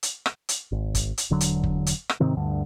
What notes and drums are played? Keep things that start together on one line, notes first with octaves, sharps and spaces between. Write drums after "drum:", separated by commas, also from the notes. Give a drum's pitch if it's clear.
drum: hi-hat
drum: rim click
drum: hi-hat
G#1
drum: kick F#1, hi-hat
drum: hi-hat
E1 D3 F#3
drum: hi-hat
drum: kick F#1
drum: hi-hat
drum: rim click
G#2 C3 D#3 C4
D2 G2 D3